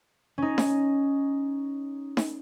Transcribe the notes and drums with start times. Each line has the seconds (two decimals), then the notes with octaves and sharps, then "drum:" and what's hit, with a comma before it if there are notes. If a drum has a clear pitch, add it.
0.38 C#4 D#4
0.58 drum: snare D#4
2.17 drum: snare D#4